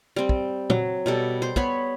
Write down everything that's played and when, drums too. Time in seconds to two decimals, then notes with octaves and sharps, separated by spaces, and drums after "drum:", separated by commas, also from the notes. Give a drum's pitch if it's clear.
0.16 G3 C4
0.29 drum: kick
0.70 F#3, drum: tom
1.06 B2 G3 A4
1.42 C5
1.56 B3 C#5 B5, drum: kick